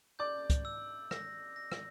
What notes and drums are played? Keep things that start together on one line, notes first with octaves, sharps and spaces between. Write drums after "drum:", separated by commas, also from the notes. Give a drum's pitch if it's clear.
D5 D6 G6
drum: kick, hi-hat
E6
A#6, drum: rim click
A#6
drum: rim click